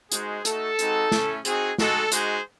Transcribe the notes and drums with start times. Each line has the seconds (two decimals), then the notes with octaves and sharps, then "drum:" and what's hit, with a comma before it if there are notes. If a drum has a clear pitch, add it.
0.12 G#3 D#4 F#4 G#4 C5, drum: hi-hat
0.45 A3 D#4 F#4 A4, drum: hi-hat
0.79 G#3 C4 D#4 F#4, drum: hi-hat
1.12 A3 C#4 E4, drum: snare
1.45 C4 D#4 F#4 G#4, drum: hi-hat
1.78 G#3 D#4 F#4 A4, drum: snare
2.12 G#3 D#4 F#4 G#4 C5, drum: hi-hat